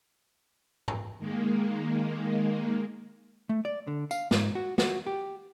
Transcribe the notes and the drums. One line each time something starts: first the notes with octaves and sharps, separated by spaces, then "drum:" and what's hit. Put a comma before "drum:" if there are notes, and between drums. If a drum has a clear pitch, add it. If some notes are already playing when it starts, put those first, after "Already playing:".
drum: tom G#2
D#3 G#3 A#3
A3
D5
D3
F5, drum: tambourine
G#2, drum: snare
F#4
F#4, drum: snare
G4